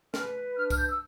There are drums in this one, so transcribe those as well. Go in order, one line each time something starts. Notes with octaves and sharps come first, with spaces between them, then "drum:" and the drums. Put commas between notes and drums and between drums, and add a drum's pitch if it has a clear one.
B4 F6, drum: snare
D4 F6
F6, drum: kick, tambourine
G6
E6